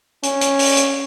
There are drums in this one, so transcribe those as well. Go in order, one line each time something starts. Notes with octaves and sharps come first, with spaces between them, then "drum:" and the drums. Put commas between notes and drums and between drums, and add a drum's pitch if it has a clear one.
C#4, drum: hi-hat
drum: hi-hat
drum: open hi-hat
drum: hi-hat